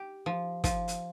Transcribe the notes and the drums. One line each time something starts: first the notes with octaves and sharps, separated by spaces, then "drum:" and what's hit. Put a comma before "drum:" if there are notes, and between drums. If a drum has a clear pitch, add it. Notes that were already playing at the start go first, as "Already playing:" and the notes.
Already playing: G4
F3
F3, drum: kick, hi-hat
drum: hi-hat